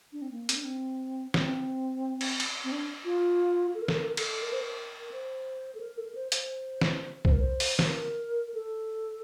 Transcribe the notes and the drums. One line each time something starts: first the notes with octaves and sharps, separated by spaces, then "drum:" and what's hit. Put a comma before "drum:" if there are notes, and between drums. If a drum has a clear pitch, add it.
D4
C4
A#3
C4, drum: hi-hat
D4
C4
C4, drum: snare
drum: cymbal
drum: cymbal
C4
D4
F4
A4
A#4
A4, drum: snare
A#4
A4
A#4
A4, drum: cymbal
A#4
C5
A#4
C5
A4
A#4
A4
A#4
C5
C5, drum: hi-hat
drum: snare
C5, drum: kick
A#4
C5
drum: open hi-hat
C5, drum: snare
A#4
A4